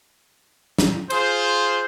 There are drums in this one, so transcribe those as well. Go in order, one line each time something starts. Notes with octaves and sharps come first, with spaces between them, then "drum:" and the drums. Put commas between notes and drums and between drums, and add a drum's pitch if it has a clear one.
drum: snare
F4 G#4 C5, drum: cymbal